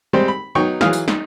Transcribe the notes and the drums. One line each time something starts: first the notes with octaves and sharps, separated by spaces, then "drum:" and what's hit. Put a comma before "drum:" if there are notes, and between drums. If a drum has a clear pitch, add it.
G3 G#3 C4 G4 C5
B5
F#3 B3 D#4 G5 C#6
E3 F#3 G#4 F5 D#6 F6, drum: snare
drum: tambourine
D#4, drum: snare